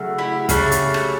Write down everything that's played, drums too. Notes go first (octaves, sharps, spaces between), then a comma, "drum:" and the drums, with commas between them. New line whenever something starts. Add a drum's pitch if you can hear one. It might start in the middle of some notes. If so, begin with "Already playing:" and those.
Already playing: C#3 F#3 A3
E4 G4
C#3 F#3 A3, drum: kick, hi-hat
drum: hi-hat
drum: rim click